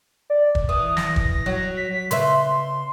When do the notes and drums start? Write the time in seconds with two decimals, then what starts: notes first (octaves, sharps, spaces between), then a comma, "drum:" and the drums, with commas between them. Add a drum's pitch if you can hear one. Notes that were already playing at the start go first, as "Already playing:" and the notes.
0.30 D5
0.55 drum: kick
0.69 E3 D#6
0.97 A#6, drum: snare
1.16 drum: kick
1.46 F#3
1.77 B6
2.11 C#3 B4 E5 C6, drum: hi-hat